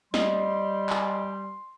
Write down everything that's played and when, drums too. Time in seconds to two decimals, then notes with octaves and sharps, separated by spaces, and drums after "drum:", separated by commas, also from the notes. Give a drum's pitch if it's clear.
0.14 G3 D#5 C6, drum: snare
0.90 drum: clap